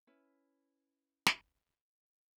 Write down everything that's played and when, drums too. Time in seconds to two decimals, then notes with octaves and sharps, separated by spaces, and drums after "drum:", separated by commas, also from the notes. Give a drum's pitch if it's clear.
0.07 C#4 E4 B4
1.26 drum: snare